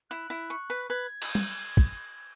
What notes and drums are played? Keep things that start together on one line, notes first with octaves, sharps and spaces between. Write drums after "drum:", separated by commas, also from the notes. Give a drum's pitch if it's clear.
E4 F#6
E4
C#6
B4
B4 G#6
drum: cymbal
drum: tom
drum: kick